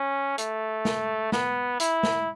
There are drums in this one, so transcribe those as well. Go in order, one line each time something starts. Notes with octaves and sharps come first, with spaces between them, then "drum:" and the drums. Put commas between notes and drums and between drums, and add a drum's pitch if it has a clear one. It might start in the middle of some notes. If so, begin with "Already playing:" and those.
Already playing: C#4
A3, drum: hi-hat
drum: snare
B3, drum: snare
E4, drum: hi-hat
drum: snare